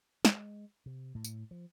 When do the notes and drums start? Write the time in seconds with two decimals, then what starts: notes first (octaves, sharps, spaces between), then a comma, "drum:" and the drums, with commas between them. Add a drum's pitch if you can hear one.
0.25 G#3, drum: snare
0.86 C3
1.15 A2
1.24 drum: tambourine
1.51 F3